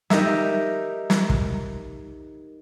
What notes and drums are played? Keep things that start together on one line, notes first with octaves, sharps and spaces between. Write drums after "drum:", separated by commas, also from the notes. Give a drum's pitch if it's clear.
D#4 G4 A#4 D#5 E5, drum: snare
drum: snare
drum: kick